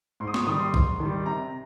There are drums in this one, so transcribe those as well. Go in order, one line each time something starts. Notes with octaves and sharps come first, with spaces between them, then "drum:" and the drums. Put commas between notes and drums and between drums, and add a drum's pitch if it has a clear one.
G#2 C6
D#6
C#6, drum: snare
D#3 G3 D#6
C6
G#2, drum: kick
D#3 G3
C3 A#5